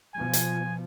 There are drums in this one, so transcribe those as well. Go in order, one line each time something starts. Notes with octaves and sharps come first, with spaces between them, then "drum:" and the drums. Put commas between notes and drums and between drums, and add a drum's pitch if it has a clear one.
B2 F3 G#5
drum: hi-hat